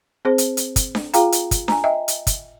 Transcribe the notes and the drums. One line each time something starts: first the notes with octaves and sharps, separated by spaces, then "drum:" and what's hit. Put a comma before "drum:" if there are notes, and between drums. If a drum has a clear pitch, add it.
C4 G#4 C5
drum: hi-hat
drum: hi-hat
drum: kick, hi-hat
drum: snare D4
F4 G#4 F5 G5 A#5, drum: hi-hat
drum: hi-hat
drum: kick, hi-hat
G#5 A#5, drum: snare D4
D#5 E5 G5
drum: hi-hat
drum: kick, hi-hat